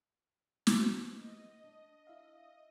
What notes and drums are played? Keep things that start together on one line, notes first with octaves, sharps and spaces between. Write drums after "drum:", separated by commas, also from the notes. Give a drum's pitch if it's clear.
G3 B3 C5, drum: snare
D#5
D4
E4 E5 F5